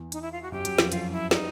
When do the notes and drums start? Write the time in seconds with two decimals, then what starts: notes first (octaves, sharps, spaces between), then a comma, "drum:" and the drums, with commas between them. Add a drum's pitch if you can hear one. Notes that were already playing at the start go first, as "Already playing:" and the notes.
Already playing: E2 E3
0.12 D#4, drum: hi-hat
0.22 E4
0.32 F4
0.43 F#4
0.52 F#2 F#3 G4
0.65 F#2 F#3, drum: hi-hat
0.78 F2 F3, drum: snare
0.92 F#2 F#3 F4, drum: hi-hat
1.11 E4
1.31 G3 D#4, drum: snare